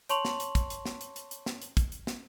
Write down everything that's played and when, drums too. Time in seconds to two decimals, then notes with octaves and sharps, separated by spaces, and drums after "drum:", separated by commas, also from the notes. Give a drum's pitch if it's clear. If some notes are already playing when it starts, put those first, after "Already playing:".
0.09 C#5 A5 C6 C#6 F7 F#7, drum: hi-hat
0.25 drum: snare
0.40 drum: hi-hat
0.55 drum: kick, hi-hat
0.70 drum: hi-hat
0.86 drum: snare
1.01 drum: hi-hat
1.16 drum: hi-hat
1.31 drum: hi-hat
1.46 drum: snare
1.62 drum: hi-hat
1.77 drum: kick, hi-hat
1.92 drum: hi-hat
2.07 drum: snare